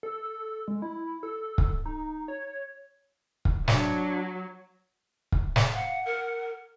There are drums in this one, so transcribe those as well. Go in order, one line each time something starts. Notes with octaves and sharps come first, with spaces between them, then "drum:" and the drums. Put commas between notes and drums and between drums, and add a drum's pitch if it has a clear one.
A4
G#3
E4
A4
drum: kick
D#4
C#5
drum: kick
F#3 D4, drum: snare
drum: kick
drum: snare
F5 F#5
A#4